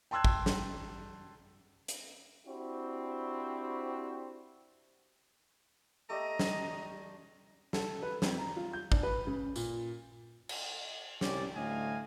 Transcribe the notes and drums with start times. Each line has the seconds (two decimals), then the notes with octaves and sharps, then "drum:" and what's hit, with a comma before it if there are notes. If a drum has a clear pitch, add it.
0.11 G5 A5 C6 E6 F#6 G#6
0.24 drum: kick G#1
0.46 drum: snare
1.88 drum: hi-hat
2.47 C4 D4 E4 F#4 G4 C5
6.10 A3 G4 D5 D#5 A#5
6.39 drum: snare
7.73 A4, drum: snare
8.03 B4
8.22 F2, drum: snare
8.39 A#5
8.57 F4
8.73 G6
8.92 D4, drum: kick G#1
9.03 B4
9.27 C#3
9.56 A#2, drum: tambourine
10.49 drum: cymbal
11.21 C2 C#4 G4 D5, drum: snare
11.55 D2 A2 A3 D#5 F5 G#5